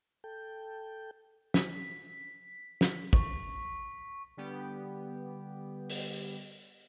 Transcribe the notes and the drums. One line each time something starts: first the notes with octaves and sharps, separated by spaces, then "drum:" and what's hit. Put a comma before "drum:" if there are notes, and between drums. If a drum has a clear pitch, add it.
A4 G5
B6, drum: snare
drum: snare
C#6, drum: kick
D3 G3 B3 G4
drum: open hi-hat